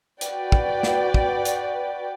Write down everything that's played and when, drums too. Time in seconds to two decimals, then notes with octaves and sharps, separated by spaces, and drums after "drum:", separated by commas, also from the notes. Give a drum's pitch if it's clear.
0.21 F#4 B4 D5 G5, drum: hi-hat
0.52 drum: kick
0.83 drum: snare
1.14 drum: kick
1.45 drum: hi-hat